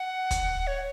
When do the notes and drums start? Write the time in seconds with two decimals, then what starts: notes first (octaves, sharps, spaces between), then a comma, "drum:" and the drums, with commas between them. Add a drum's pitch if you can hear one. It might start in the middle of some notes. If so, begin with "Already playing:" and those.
Already playing: F#5
0.31 drum: kick, hi-hat
0.67 C#5